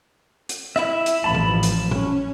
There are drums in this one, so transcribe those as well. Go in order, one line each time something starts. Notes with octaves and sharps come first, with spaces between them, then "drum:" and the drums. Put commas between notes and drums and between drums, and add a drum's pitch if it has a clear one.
drum: hi-hat
E4 E5, drum: rim click
drum: hi-hat
A1 F3 A5 B5
drum: tom A2
drum: hi-hat
C#4, drum: tom A2